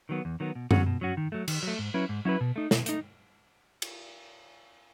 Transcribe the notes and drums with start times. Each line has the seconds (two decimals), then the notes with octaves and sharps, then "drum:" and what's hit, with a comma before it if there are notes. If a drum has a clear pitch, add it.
0.09 D#3 F#3 B3
0.25 E2
0.40 D#3 F#3 B3
0.55 B2
0.71 F#3 C#4 F#4, drum: tom F#2
0.86 B2
1.01 F#3 C#4 F#4
1.17 D#3
1.32 F#3 A3
1.48 D#3, drum: cymbal
1.63 F#3 A3
1.79 G#2
1.94 F#3 C#4 E4 B4
2.09 G#2
2.25 F#3 C#4 E4 B4
2.41 B2
2.56 A3 D#4
2.71 B2, drum: snare
2.86 A3 D#4, drum: hi-hat
3.82 drum: cymbal